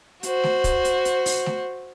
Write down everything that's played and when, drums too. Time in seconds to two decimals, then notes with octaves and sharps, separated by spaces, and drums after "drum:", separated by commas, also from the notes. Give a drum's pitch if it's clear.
0.23 F#4 C5, drum: hi-hat
0.44 drum: snare A3
0.64 drum: kick, hi-hat
0.85 drum: hi-hat
1.05 drum: hi-hat
1.26 drum: open hi-hat
1.46 drum: snare A3